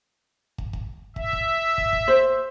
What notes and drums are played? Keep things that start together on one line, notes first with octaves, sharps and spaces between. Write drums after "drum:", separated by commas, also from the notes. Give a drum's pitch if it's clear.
drum: kick
drum: kick
E5, drum: kick
drum: kick
drum: kick
drum: kick
C5